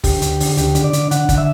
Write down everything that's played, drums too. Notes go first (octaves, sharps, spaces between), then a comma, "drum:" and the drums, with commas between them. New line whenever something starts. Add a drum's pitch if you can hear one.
D2 G4, drum: kick, open hi-hat
D2, drum: hi-hat
D3, drum: open hi-hat
D2 G4, drum: hi-hat
D3, drum: hi-hat
D5
D3, drum: hi-hat
D3 F#5, drum: hi-hat
D3, drum: kick, hi-hat
E5